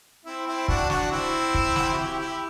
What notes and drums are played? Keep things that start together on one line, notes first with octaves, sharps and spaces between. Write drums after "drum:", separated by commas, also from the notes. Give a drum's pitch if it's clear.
C4 E4
C4 E4
D4 F#4, drum: kick
D4 F#4, drum: snare
C4 E4
drum: kick
drum: snare
F#4
E4 G4
E4 G4